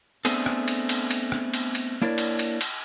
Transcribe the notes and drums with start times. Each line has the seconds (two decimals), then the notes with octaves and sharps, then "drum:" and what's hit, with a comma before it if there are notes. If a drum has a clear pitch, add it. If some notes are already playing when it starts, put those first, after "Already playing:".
0.25 A3 B3 C4 D4 G#4 A4, drum: cymbal
0.46 drum: rim click
0.68 drum: cymbal
0.89 drum: cymbal
1.11 drum: cymbal
1.32 drum: rim click
1.53 drum: cymbal
1.75 drum: cymbal
2.02 A#3 D4 E4 A#4 C#5 D5
2.18 drum: cymbal
2.39 drum: cymbal
2.61 drum: cymbal